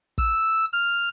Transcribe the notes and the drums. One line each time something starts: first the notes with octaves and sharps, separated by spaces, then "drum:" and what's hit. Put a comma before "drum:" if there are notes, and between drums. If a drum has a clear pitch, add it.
E6, drum: kick
F6